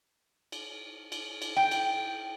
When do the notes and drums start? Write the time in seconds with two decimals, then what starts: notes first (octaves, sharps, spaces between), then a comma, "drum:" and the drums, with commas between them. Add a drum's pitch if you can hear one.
0.52 drum: cymbal
1.12 drum: cymbal
1.42 drum: cymbal
1.57 G5
1.71 drum: cymbal